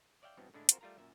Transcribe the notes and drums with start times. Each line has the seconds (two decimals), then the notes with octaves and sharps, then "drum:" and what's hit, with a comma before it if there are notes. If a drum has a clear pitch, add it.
0.22 C#5 D5 E5 F5 G5
0.37 E2 G2 B2 F#3 B3 C4
0.54 A2 D3 G#3 D4 E4
0.69 C4 F4 F#4 A#4 C5, drum: hi-hat
0.81 G3 A3 F4 A#4 A#5
0.98 F#2 A#2 E5